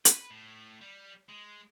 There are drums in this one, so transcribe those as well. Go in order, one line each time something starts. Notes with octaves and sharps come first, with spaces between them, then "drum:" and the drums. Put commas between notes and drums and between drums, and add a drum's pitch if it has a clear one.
B4, drum: hi-hat
A2
G3
G#3